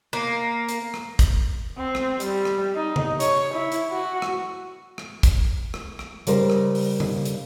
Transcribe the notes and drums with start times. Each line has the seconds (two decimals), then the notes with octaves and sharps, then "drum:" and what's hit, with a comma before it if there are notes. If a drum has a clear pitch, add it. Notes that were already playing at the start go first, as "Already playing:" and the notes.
0.13 A#3
0.69 drum: hi-hat
0.94 drum: rim click
1.19 drum: kick, hi-hat
1.77 C4
1.95 drum: rim click
2.20 G3, drum: hi-hat
2.45 drum: rim click
2.75 D#4
2.96 drum: tom C#3
3.20 C#5, drum: hi-hat
3.54 E4
3.72 drum: hi-hat
3.92 F#4
4.22 drum: rim click
4.98 drum: rim click
5.23 drum: kick, hi-hat
5.74 drum: rim click
5.99 drum: rim click
6.27 C#3 G3 A#4 C5, drum: hi-hat
6.50 drum: rim click
6.75 drum: open hi-hat
7.00 drum: tom C#3
7.25 drum: hi-hat